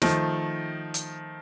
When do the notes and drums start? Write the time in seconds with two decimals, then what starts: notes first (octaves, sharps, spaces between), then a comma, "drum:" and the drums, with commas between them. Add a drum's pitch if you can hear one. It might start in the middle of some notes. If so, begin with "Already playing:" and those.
0.02 D#3 F3 A3, drum: snare
0.94 drum: hi-hat